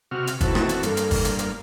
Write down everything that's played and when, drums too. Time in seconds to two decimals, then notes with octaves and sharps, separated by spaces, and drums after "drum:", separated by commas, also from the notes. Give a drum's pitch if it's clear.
0.11 C3 F#4 F6
0.27 drum: hi-hat
0.41 A2 D#3 E3 C4 F#4 A5, drum: kick, hi-hat
0.55 drum: rim click
0.69 drum: hi-hat
0.83 G2 A#3 A4, drum: hi-hat
0.97 drum: hi-hat
1.11 drum: kick, open hi-hat
1.25 drum: hi-hat
1.39 drum: hi-hat